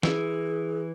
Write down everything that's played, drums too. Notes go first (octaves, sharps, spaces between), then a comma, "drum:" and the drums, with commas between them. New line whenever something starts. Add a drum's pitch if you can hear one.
E3 E4 G#4, drum: snare